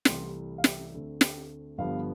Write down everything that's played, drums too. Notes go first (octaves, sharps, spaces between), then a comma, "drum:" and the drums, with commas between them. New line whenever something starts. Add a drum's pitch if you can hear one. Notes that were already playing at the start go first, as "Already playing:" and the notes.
C2 C3 E3 A3 C6, drum: snare
F5
E5, drum: snare
D2 D3 A3 C4
drum: snare
G1 G2 D3 F3 B3 F5